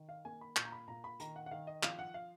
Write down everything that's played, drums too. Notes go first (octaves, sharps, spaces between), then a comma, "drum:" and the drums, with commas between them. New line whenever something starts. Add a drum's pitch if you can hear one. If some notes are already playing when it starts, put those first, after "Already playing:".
Already playing: D#3
F5
A#3 G#5
B5
A#2 C#6, drum: clap
A#5
B5
A#2 A#5
B5
D#3 A#5, drum: hi-hat
F#5
F#5
D#3 F5
D#5
F3 F5, drum: clap
F#5
F5